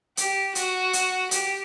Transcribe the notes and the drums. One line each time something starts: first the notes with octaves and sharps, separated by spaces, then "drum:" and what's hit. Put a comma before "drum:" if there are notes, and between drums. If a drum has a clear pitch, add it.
G4, drum: hi-hat
F#4, drum: hi-hat
drum: hi-hat
G4, drum: hi-hat